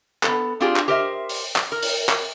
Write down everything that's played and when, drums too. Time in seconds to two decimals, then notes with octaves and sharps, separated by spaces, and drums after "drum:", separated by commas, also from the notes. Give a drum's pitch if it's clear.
0.23 B3 A4, drum: clap
0.60 C4 D4 F4 G4 G#4
0.76 drum: clap
0.88 G4 A#4 C5 D#5 E5
1.29 drum: open hi-hat
1.56 drum: clap
1.72 A#4
1.82 drum: open hi-hat
2.09 drum: clap